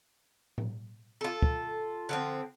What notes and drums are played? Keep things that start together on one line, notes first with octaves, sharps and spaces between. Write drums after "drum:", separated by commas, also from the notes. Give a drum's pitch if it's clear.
drum: tom A2
F4 A4
drum: kick
D3 F3 C4